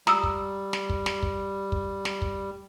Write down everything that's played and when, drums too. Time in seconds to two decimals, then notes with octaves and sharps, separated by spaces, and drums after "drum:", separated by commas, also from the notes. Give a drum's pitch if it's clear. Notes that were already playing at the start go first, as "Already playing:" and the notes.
0.07 G3 A#5 D#6 E6, drum: snare
0.23 drum: kick
0.73 drum: snare
0.90 drum: kick
1.06 drum: snare
1.23 drum: kick
1.72 drum: kick
2.05 drum: snare
2.22 drum: kick